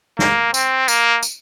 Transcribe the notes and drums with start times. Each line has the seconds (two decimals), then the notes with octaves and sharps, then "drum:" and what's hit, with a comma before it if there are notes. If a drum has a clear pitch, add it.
0.19 A#3, drum: snare
0.54 C4, drum: tambourine
0.88 A#3, drum: tambourine
1.23 drum: tambourine